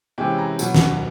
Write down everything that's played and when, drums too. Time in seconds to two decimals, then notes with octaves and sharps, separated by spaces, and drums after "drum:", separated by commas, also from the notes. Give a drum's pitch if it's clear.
0.18 C3 E3 G#3 C#4 G5
0.38 A#5
0.59 B2 F#3, drum: tambourine
0.74 drum: snare